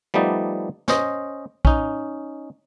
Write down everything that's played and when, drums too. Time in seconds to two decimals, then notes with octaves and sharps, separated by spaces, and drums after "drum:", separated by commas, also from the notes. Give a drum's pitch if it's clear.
0.14 F3 G3 A3 B3 D#4 D5
0.88 C#4 C5 D#5, drum: snare
1.65 C#4 D#4, drum: kick